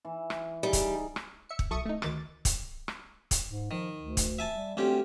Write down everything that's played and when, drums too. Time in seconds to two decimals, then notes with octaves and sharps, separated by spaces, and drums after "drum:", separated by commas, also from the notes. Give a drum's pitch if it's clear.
0.05 E3
0.30 drum: rim click
0.63 G3 D#4 E4 G#4
0.73 drum: kick, hi-hat
1.16 drum: rim click
1.49 E5 C#7
1.59 drum: kick
1.71 B1 A4 E5 C#6 D#6 C#7
1.86 A3 D#4
2.02 D2 D#3 D6 A6, drum: rim click
2.45 drum: kick, hi-hat
2.88 drum: rim click
3.31 drum: kick, hi-hat
3.48 G#2
3.71 D#3 F3
3.99 D2
4.17 drum: kick, hi-hat
4.39 E5 G#5 A5
4.55 G3
4.77 D2 C4 C#4 G4